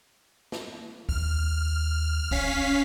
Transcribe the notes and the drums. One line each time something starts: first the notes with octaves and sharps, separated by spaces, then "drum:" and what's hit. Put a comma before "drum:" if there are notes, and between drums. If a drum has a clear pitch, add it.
drum: snare
D#2 F6, drum: kick
D#1 C#4 F5 B6, drum: kick